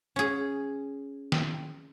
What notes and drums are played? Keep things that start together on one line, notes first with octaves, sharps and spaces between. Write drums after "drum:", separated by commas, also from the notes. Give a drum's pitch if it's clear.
C#4 G#4
drum: snare